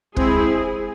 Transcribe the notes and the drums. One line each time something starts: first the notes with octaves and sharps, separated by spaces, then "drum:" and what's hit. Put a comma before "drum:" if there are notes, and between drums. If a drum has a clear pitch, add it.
G#3 C4 E4 G#4, drum: kick